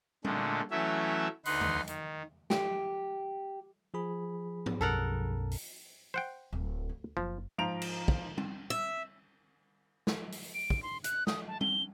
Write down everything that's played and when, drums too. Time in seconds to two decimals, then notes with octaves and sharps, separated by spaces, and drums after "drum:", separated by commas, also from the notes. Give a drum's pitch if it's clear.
0.25 A#2 D3 G#3 A3, drum: tom G3
0.71 E3 F#3 A3 C#4 E5
1.45 D2 D#4 B4 F#5 C6, drum: open hi-hat
1.61 drum: tom E2
1.87 D#3, drum: hi-hat
2.50 G4, drum: snare
3.94 F3 G#4 B5
4.66 drum: tom
4.81 B1 F#2 A4 A#4 F#5
5.51 drum: open hi-hat
6.14 C5 F#5 G5
6.53 D1
6.89 D2
7.17 F#1 F3 A#3
7.58 G#2 F3 F4 A#5 D7 F7
7.82 drum: cymbal
8.08 drum: kick
8.38 drum: tom G3
8.70 E5
10.07 drum: snare
10.32 drum: open hi-hat
10.54 D7
10.70 drum: kick
10.83 C6
11.04 F#6, drum: hi-hat
11.27 D#6, drum: snare
11.48 A5
11.61 G7, drum: tom G3